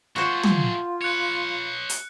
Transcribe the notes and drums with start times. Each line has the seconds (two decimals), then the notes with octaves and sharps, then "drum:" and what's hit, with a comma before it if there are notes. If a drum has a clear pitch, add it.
0.16 A3 F4 F#4 G#4 C5
0.43 drum: tom
1.01 B4 C#5 F#6 C#7
1.89 drum: hi-hat